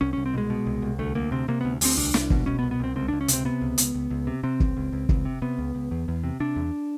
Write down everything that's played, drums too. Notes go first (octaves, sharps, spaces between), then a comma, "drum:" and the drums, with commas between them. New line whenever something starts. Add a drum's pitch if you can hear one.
C2 C#4
C2 C#4
C4
B2 G#3
B2
C2
C2
D2 A3
D2 A#3
C3 C4
C3 A#3
D2 B3
D2 C4, drum: open hi-hat
C2 D4
C2, drum: snare
B2, drum: kick
B2 C#4
B3
C2
B3
C2 C4
C#2 C4
C#2 D4
C#4
C3 C4, drum: hi-hat
C3 B3
C#2
C#2, drum: hi-hat
C#2
C#2
C3
C3 C4
C#2, drum: kick
C#2
C#2
C#2, drum: kick
C3
C3 B3
C#2
C#2
E2
E2
C3
C3 D4
E2